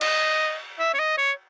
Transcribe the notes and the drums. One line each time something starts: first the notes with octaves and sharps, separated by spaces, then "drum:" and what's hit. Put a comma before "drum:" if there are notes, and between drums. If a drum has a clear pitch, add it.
D#5, drum: cymbal
E5
C#5
D#5
C#5